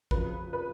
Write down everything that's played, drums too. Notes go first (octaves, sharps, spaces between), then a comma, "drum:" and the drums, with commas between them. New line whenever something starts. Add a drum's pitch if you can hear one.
F2 C#3 F#3 B4, drum: kick
B4